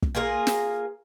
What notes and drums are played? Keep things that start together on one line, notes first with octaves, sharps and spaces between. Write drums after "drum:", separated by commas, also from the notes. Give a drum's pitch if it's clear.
drum: kick
A#3 F4 G#4 A#4
drum: snare